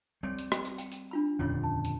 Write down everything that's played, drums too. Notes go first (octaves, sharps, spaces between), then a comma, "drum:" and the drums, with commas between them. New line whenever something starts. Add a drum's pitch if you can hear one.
G3 C4 C#5
drum: tambourine
drum: rim click
drum: tambourine
G5, drum: tambourine
drum: tambourine
D4 F4 B5
D#1 F2 D3 C#4 F4 C#5
A5
drum: tambourine